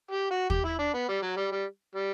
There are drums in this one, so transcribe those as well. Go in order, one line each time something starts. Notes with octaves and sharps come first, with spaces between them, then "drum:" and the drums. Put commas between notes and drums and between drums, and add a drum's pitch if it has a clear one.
G4
F#4
G4, drum: kick
E4
D4
B3
G3
F#3
G3
G3
G3